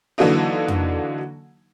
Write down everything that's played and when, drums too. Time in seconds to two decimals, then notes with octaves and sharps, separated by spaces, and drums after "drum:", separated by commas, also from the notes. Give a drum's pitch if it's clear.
0.18 D3 E3 F#3 A#3 D4 D#4
0.68 drum: tom F2